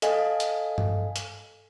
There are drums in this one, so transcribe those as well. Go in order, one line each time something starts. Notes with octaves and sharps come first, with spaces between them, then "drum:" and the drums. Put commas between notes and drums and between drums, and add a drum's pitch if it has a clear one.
A4 D#5 F5 G#5, drum: hi-hat
drum: hi-hat
drum: tom G2
drum: hi-hat